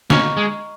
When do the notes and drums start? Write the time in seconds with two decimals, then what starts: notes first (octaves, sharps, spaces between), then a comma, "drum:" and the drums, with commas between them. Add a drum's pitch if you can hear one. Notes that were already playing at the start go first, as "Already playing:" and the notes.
0.10 C#4 D#5 A#5 C#6 F6, drum: snare
0.37 G#3